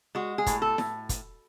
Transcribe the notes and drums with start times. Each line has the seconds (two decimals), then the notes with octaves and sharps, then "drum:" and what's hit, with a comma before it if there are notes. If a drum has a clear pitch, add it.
0.15 G#3 F#4
0.38 G#4
0.46 A2, drum: kick, hi-hat
0.62 A4
0.78 A2, drum: snare E4
1.09 drum: kick, hi-hat